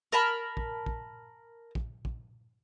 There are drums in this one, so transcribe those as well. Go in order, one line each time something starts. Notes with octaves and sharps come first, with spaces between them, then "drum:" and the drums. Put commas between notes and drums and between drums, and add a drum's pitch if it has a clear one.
A#4 A5 B5
drum: kick
drum: kick
drum: kick
drum: kick